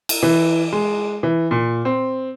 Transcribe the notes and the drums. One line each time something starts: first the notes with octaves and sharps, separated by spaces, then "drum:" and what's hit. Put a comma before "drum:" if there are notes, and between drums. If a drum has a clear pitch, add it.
drum: cymbal
E3
G#3
E3
A#2
C4